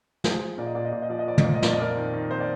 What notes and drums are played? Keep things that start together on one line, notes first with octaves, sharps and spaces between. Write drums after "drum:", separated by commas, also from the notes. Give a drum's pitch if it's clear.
F3 G#4 C5, drum: snare
F3
A#2 D5
D#5
A#2 D5
D#5
A#2 D5
D#5
F3 D5
D#5
F3 D5
D#5, drum: tom
A#2 D5
D#5
F2 D5, drum: snare
D#5
F2 A#4 D5
D#3
D#3
F2 C5
D5